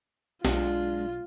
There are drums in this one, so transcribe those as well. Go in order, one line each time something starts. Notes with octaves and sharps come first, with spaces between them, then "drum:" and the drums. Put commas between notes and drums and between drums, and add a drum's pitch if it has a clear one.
B1 G#3 D4 F4, drum: snare